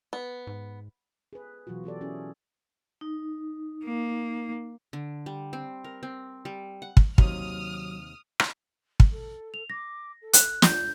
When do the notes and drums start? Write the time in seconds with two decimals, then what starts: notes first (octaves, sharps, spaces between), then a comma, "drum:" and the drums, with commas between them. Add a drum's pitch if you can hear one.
0.13 B3
0.47 G#2
1.33 G#4 B4
1.67 B2 E3 F#3 F4 F#4
1.84 E3 G4 A4 D5
2.01 C#4 E4 G#4
3.01 D#4
3.84 A#3
4.93 D3
5.26 G3
5.53 C4
5.84 A#4
6.03 C4
6.45 G3
6.82 F#5
6.97 drum: kick
7.18 D#2 C3 F#3 D#6 F6, drum: kick
8.40 drum: rim click
9.00 drum: kick
9.11 A4
9.54 F7
9.70 D6 A#6
10.21 A4
10.33 F#6, drum: hi-hat
10.62 F4 G6, drum: snare